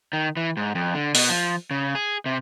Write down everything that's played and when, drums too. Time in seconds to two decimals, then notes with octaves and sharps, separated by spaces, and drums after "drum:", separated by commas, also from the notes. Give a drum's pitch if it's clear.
0.13 D#3
0.37 E3
0.57 G#2
0.75 F2
0.94 D3
1.15 B2, drum: open hi-hat
1.29 F3
1.71 C#3
1.95 G#4
2.26 C3